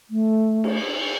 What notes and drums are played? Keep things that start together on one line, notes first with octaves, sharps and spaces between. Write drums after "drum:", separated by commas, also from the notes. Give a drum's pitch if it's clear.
A3
drum: cymbal